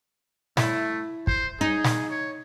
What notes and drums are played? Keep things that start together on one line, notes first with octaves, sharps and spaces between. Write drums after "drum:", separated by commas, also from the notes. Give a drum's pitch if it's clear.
A3 E4, drum: snare
C5, drum: kick
D#4 G#4
drum: snare
C#5